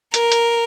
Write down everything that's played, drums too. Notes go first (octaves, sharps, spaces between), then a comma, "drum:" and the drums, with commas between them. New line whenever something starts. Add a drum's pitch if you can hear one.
A#4, drum: hi-hat
drum: hi-hat